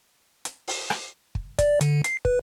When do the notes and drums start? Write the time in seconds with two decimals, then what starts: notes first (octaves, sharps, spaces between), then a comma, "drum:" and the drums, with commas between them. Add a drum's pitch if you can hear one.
0.45 drum: hi-hat
0.68 drum: open hi-hat
0.90 drum: rim click
1.35 drum: kick
1.59 D5, drum: kick, hi-hat
1.81 D3, drum: hi-hat
2.04 C7, drum: hi-hat
2.25 B4, drum: kick